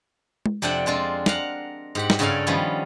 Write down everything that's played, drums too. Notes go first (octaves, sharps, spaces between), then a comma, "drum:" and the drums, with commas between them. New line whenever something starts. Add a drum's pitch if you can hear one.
drum: tom G#3
F2 C3 D4 D5 F#5 G5
G#3 C4 D4 F4
A#4 F5 F#5, drum: snare
G#2 G4 F#5
drum: snare
G2 C#3 C#4 A4 D5 F5
D#3 F3 G3 B3 C#4